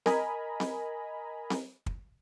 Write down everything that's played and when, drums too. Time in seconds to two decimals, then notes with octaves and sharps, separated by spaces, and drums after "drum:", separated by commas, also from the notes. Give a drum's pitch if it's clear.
0.06 A#4 D#5 G#5 A#5 B5, drum: snare C4
0.60 drum: snare C4
1.50 drum: snare C4
1.86 drum: kick